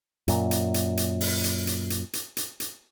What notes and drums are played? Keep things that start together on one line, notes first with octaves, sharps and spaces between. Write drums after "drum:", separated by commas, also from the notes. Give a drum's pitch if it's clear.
F#2 A#2, drum: hi-hat
drum: hi-hat
drum: hi-hat
drum: hi-hat
drum: open hi-hat
drum: hi-hat
drum: hi-hat
drum: hi-hat
drum: hi-hat
drum: hi-hat
drum: hi-hat